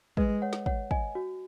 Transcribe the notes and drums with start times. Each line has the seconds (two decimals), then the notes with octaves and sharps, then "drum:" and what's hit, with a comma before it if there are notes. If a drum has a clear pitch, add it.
0.17 G#3 B4 D#5, drum: kick
0.42 C#5 F#5
0.53 drum: snare
0.66 C#5 F#5, drum: kick
0.91 D#5 G#5, drum: kick
1.15 F#4